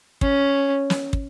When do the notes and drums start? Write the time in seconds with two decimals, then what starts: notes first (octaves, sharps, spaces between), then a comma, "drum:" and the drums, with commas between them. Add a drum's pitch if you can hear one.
0.21 C#4, drum: kick
0.90 drum: snare
1.13 drum: kick